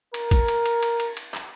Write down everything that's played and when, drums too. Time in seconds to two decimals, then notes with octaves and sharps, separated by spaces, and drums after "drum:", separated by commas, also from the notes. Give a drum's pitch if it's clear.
0.14 A#4, drum: cymbal
0.31 drum: kick, cymbal
0.48 drum: cymbal
0.66 drum: cymbal
0.83 drum: cymbal
1.00 drum: cymbal
1.17 drum: cymbal
1.34 drum: clap